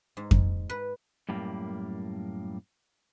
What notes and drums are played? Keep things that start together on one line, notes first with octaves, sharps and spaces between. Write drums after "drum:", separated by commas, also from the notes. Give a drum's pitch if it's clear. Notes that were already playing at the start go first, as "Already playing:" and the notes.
G#2
drum: kick F2
B4
F#2 A2 G3 A#3